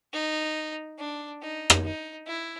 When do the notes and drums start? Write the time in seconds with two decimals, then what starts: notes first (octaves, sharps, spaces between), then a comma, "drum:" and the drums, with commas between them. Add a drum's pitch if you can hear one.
0.13 D#4
0.99 D4
1.41 D#4
1.70 drum: rim click
1.84 D#4
2.27 E4